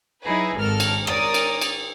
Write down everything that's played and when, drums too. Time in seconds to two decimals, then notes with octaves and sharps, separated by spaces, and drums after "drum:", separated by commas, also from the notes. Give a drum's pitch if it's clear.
0.22 F#3 D#4 E4 G#4 B4
0.58 G#1 G#2 A4 A#4 F6
0.80 drum: cymbal
1.07 A#4 C#5 D5 D#6, drum: rim click
1.34 drum: cymbal
1.61 drum: cymbal